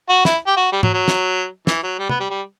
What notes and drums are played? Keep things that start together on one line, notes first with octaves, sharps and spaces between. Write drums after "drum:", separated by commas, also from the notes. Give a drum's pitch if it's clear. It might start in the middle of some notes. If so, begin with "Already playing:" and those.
F#4
E4, drum: snare
G4
F#4
G3
F#3, drum: tom G#2
F#3
drum: snare
E3, drum: snare
F#3
G3
B3, drum: tom
G3
G3